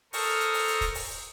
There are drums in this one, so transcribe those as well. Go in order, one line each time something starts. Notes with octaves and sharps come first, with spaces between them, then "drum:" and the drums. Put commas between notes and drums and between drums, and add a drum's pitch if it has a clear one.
A4 A#4 C5 C#6 D#6 F6, drum: open hi-hat
drum: hi-hat
drum: open hi-hat
drum: hi-hat
drum: kick, hi-hat
drum: open hi-hat